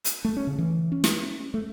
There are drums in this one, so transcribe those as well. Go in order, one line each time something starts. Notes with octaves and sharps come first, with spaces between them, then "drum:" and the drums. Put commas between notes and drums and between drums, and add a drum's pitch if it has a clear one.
drum: hi-hat
A3
C#4
C#3
E3
C#4
drum: snare
A3